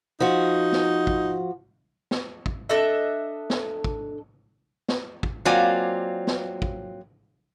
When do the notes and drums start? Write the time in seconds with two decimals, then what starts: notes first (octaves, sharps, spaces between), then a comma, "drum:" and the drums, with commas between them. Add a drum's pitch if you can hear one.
0.20 F3 D#4 F#4
0.72 drum: snare
1.07 drum: kick
2.11 drum: snare
2.46 drum: kick
2.69 D4 A4 D#5 E5
3.50 drum: snare
3.84 drum: kick
4.88 drum: snare
5.23 drum: kick
5.45 F#3 A#3 C4 F4 D5 G#5
6.27 drum: snare
6.62 drum: kick